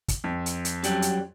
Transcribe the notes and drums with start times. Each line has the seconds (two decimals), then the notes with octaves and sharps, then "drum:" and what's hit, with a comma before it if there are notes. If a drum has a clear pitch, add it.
0.08 drum: kick, hi-hat
0.24 F2
0.46 drum: hi-hat
0.65 drum: hi-hat
0.83 F#2 F#3 G3 G4, drum: hi-hat
1.02 drum: hi-hat